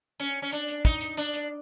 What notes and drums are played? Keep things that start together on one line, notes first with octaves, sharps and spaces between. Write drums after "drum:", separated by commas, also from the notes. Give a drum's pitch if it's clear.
C#4, drum: hi-hat
C#4
D4, drum: hi-hat
drum: hi-hat
D#4, drum: kick, hi-hat
drum: hi-hat
D4, drum: hi-hat
drum: hi-hat